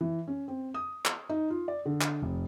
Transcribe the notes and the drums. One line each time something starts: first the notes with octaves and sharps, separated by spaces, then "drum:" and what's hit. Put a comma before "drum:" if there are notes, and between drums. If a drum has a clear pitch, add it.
E3
C#4
C4
D#6
drum: clap
D#4
F4
D5
D3
drum: clap
F1